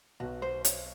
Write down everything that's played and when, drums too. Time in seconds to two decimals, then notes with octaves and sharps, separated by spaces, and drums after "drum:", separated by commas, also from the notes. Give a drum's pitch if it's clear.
0.20 B1 B2 F#3 B3 F#4
0.42 C5
0.65 C#5, drum: hi-hat